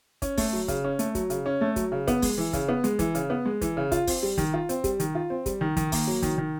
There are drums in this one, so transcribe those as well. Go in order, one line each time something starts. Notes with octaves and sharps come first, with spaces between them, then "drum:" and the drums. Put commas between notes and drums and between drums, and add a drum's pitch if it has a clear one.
C#4, drum: kick, hi-hat
A3, drum: kick, open hi-hat
F#3
C#3, drum: kick, hi-hat
C#4
A3, drum: hi-hat
F#3, drum: kick, hi-hat
C#3, drum: hi-hat
C#4
A3
F#3, drum: kick, hi-hat
C#3
B3, drum: kick, hi-hat
G#3, drum: kick, open hi-hat
E3
C#3, drum: kick, hi-hat
B3
G#3, drum: hi-hat
E3, drum: kick, hi-hat
C#3, drum: hi-hat
B3
G#3
E3, drum: kick, hi-hat
C#3
F4, drum: kick, hi-hat
C4, drum: kick, open hi-hat
G3
D#3, drum: kick, hi-hat
F4
C4, drum: hi-hat
G3, drum: kick, hi-hat
D#3, drum: hi-hat
F4
C4
G3, drum: kick, hi-hat
D#3
D#3, drum: kick, hi-hat
A#3, drum: kick, open hi-hat
F#3
D#3, drum: kick, hi-hat
D#3